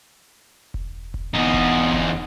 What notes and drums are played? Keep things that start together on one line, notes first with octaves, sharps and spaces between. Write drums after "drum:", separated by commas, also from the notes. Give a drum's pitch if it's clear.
drum: kick E1
drum: kick E1
E2 B3 D#4
drum: kick E1
drum: kick E1